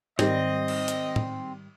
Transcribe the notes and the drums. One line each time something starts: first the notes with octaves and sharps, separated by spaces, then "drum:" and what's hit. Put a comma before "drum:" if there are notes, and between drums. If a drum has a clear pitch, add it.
G#2 D#3 G3 C4 D#5, drum: snare
drum: cymbal
drum: hi-hat
drum: tom